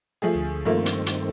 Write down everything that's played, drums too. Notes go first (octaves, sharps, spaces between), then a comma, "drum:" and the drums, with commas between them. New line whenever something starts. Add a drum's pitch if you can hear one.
F3 A3 G#4
D2
G2 D#3 F3 A3 A#3 C4
drum: hi-hat
drum: hi-hat